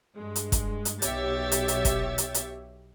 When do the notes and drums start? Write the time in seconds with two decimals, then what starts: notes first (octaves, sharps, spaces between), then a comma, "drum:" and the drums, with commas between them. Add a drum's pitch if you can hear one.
0.16 G2 G#3
0.36 drum: hi-hat
0.52 drum: kick, hi-hat
0.85 drum: hi-hat
1.02 B1 B2 G4 C#5 E5 A6, drum: hi-hat
1.52 drum: hi-hat
1.68 drum: hi-hat
1.85 drum: kick, hi-hat
2.18 drum: hi-hat
2.34 drum: hi-hat